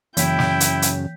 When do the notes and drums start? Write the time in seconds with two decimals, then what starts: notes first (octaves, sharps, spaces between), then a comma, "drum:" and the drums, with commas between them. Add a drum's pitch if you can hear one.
0.17 F#2 C#3 E3 E4 G5 G6 B6, drum: hi-hat
0.39 drum: snare
0.60 drum: hi-hat
0.82 drum: hi-hat